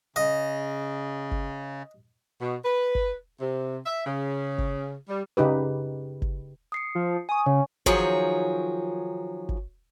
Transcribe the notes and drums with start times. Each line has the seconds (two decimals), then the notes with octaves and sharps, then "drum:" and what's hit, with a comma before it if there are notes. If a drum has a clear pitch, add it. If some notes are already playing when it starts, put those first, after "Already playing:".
0.16 C#3 D#5
1.31 drum: kick G1
2.40 B2
2.63 B4
2.95 drum: kick G1
3.41 C3
3.85 E5
4.06 C#3
4.58 drum: kick G1
5.09 G3
5.37 C#3 D#4 G4 B4
6.22 drum: kick G1
6.72 D#6 C7 C#7
6.95 F3
7.29 G#5 C#6 D#6
7.46 C#3 C#5
7.86 D#3 F3 F#3 G#4 C#5, drum: kick G1
9.49 drum: kick G1